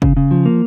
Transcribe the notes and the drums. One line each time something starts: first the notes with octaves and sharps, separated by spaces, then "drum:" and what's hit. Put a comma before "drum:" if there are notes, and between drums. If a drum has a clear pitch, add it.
C#3, drum: kick
C#3
F3
A#3